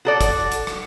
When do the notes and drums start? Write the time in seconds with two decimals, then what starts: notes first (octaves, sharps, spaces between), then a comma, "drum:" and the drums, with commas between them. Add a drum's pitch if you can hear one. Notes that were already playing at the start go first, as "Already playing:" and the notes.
0.05 F#4 A4 D5
0.21 drum: kick, hi-hat
0.52 drum: hi-hat
0.67 drum: rim click